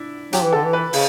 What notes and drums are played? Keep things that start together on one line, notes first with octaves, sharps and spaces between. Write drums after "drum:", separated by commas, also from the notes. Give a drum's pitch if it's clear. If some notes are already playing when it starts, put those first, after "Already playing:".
Already playing: D4 E4
F#3 G4, drum: hi-hat
E3
D3 A4
E3
B4
C#3, drum: open hi-hat